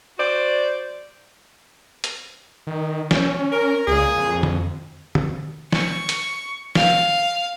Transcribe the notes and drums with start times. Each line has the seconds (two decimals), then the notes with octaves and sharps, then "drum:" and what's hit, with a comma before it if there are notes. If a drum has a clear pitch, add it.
0.18 F#4 C5 D5
2.04 drum: hi-hat
2.67 D#3
3.11 C#4, drum: snare
3.52 A#4
3.88 C#2 A#2 G#4
4.17 F2
4.43 drum: tom
5.15 drum: tom
5.72 C#6, drum: snare
6.09 drum: hi-hat
6.75 F5, drum: snare